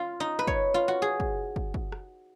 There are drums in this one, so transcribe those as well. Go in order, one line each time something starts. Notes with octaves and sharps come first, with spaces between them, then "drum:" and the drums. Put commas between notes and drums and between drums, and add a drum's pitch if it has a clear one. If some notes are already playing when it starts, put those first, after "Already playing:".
Already playing: F4
D#4
B4
C#5, drum: kick
F4
F#4
G#4
drum: kick
drum: kick
drum: kick
drum: rim click